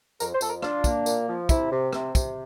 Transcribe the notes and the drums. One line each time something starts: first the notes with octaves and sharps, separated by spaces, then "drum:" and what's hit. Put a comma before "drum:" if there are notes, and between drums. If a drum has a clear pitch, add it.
F2 A#4, drum: tambourine
C5
F2 A4, drum: tambourine
A#4
D4 F4, drum: rim click
A#3, drum: kick, tambourine
A#2, drum: tambourine
F3
C3 E4, drum: kick, tambourine
C3
C3, drum: rim click
C3, drum: kick, tambourine